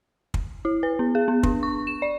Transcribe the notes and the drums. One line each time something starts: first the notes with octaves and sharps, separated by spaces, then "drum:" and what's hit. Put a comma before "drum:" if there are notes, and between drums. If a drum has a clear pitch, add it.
drum: kick
E4
B4
B3
G#4
B3
D4, drum: kick
C#6
E7
D5